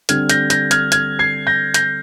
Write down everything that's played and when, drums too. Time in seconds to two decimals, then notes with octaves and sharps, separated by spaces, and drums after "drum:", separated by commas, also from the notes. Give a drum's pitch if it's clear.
0.09 D3 G3 C4 F6 G#6, drum: hi-hat
0.29 G6 A#6, drum: hi-hat
0.50 G6 A#6, drum: hi-hat
0.71 F6 G#6, drum: hi-hat
0.92 F6 G#6, drum: hi-hat
1.19 G#6 C7
1.47 G6 A#6
1.74 G6 A#6, drum: hi-hat